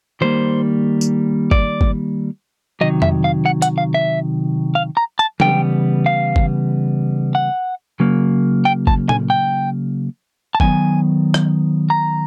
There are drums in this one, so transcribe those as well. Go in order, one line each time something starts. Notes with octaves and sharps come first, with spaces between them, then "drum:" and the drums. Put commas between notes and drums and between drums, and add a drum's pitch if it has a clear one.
D#3 G3 A#3 C5
drum: tambourine
D5, drum: kick G1
drum: kick G1
C3 D#3 F#3 D#5
E5, drum: tom F2
F5
F#5
F#5, drum: hi-hat
F5
E5
F5
A#5
A5
C#3 E3 G3 B3 G5, drum: tom F#3
F5
drum: kick G1
F#5
C#3 F#3 A#3
G5
A5, drum: kick G1
G#5, drum: tom A#2
G5
A5
D#3 F#3 B3 G#5, drum: kick G1
drum: rim click
A#5